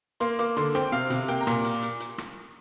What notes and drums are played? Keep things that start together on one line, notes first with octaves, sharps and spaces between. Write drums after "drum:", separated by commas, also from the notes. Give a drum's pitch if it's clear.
A#3 C6, drum: hi-hat
A#3 D6, drum: hi-hat
D3 C6, drum: hi-hat
C4 G5, drum: rim click
C3 F5
C3, drum: hi-hat
A#3 G5, drum: hi-hat
A#5
A#2, drum: rim click
drum: hi-hat
drum: hi-hat
drum: hi-hat
drum: rim click